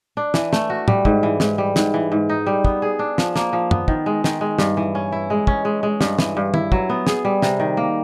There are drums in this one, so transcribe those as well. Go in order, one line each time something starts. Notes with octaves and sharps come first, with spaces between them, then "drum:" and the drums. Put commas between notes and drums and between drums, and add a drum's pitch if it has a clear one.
D4
E3, drum: snare
A3, drum: snare
F#4
G3, drum: tom
G#2, drum: kick
E3
G#2, drum: snare
G3
G#2, drum: snare
E3
G#2
D#4
G3
B3, drum: kick
G#4
D4
F3, drum: snare
A#3, drum: snare
F3
B3, drum: tom F#2
D#3, drum: kick
G#3
D#3, drum: snare
G#3
G2, drum: snare
E3
C#4
E4
G#3
C#4, drum: kick
G#3
G#3
G2, drum: snare
E3, drum: snare
G2
E4, drum: tom
F#3, drum: kick
B3
G#4, drum: snare
G3
C3, drum: snare
D#3
A#3